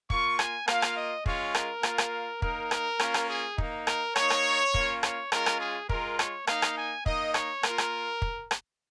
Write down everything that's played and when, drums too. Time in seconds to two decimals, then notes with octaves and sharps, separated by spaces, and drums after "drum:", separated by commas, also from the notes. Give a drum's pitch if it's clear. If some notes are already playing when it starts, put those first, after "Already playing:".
0.10 A#3 F4 C#6, drum: kick
0.39 G#5, drum: rim click
0.68 A#3 F4 F5, drum: rim click
0.82 drum: rim click
0.97 D#5
1.26 G#3 C#4 F4 C#5, drum: kick
1.55 A#4, drum: rim click
1.83 A#3 F4, drum: rim click
1.98 drum: rim click
2.42 A#3 D#4 A#4, drum: kick
2.71 A#4, drum: rim click
2.99 A#3 C#4 F4, drum: rim click
3.14 drum: rim click
3.29 G#4
3.58 A#3 D#4, drum: kick
3.87 A#4, drum: rim click
4.16 A#3 D#4 C#5, drum: rim click
4.30 drum: rim click
4.74 A#3 C#4 F4, drum: kick
5.03 C#5, drum: rim click
5.32 G#3 C#4 F4 A#4, drum: rim click
5.46 drum: rim click
5.60 G#4
5.89 G#3 F4 A#4, drum: kick
6.19 C#5, drum: rim click
6.47 A#3 D#4 F5, drum: rim click
6.62 drum: rim click
6.76 G#5
7.06 A#3 D#4 D#5, drum: kick
7.34 C#5, drum: rim click
7.63 A#3 F4 A#4, drum: rim click
7.78 drum: rim click
8.22 drum: kick
8.51 drum: rim click